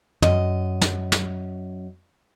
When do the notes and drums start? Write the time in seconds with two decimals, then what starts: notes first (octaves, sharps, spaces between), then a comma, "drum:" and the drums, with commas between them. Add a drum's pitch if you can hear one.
0.22 F#2 D#5, drum: tom
0.81 drum: snare
1.12 drum: snare